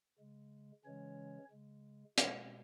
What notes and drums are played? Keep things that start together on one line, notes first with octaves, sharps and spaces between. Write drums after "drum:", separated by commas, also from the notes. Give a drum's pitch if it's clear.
C#3 G#3
C#3 E3 G#3 C#4 C#5
C#3 G#3
B2 G#3, drum: hi-hat